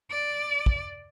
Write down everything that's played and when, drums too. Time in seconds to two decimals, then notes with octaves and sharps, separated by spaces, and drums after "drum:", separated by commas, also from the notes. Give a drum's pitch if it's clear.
0.11 D5
0.66 drum: kick